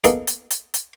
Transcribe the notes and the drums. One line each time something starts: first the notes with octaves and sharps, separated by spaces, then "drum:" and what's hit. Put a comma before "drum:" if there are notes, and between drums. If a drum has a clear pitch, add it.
A#3 B3 D#4 G#4 A4, drum: hi-hat
drum: hi-hat
drum: hi-hat
drum: hi-hat